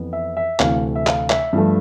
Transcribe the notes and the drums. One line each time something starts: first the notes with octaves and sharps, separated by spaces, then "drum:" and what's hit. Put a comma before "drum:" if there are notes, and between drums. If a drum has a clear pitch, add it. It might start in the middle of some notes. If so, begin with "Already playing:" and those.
Already playing: F2 E3 B3
E5
E5
D2 C3 E3 A3 F5, drum: clap
E5
F5, drum: clap
E5, drum: clap
G2 F3 A3